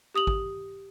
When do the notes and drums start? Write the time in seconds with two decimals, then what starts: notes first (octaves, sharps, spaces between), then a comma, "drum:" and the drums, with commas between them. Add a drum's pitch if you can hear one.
0.14 G4 D#6 F7 F#7
0.27 drum: kick G#1